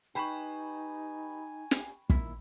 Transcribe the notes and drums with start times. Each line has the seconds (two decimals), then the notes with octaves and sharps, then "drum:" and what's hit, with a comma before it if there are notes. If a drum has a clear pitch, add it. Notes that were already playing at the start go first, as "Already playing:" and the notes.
0.15 D#4 G4 B4 G5 G#5 B5 C#6
1.71 drum: snare
2.10 A#2 D#3 E4, drum: kick